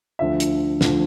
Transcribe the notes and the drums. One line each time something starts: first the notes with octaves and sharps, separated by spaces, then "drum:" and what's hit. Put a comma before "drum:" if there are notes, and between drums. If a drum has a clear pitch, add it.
D2 D3 F3 E5
drum: hi-hat
D2 D3 F3, drum: snare